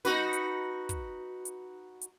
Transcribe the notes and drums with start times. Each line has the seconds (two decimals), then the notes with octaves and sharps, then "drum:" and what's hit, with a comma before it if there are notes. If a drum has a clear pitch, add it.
0.05 D#4 F#4 B4, drum: snare
0.33 drum: hi-hat
0.89 drum: kick, hi-hat
1.45 drum: hi-hat
2.01 drum: hi-hat